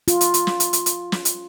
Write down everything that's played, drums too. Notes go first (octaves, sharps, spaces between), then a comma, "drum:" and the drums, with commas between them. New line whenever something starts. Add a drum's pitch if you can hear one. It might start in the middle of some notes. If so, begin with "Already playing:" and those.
F4, drum: hi-hat
drum: hi-hat
drum: hi-hat
drum: snare
drum: hi-hat
drum: hi-hat
drum: hi-hat
drum: snare
drum: hi-hat